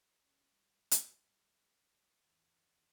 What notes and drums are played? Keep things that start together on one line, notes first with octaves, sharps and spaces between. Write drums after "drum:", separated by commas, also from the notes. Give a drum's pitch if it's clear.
C#4
G3
drum: hi-hat
E2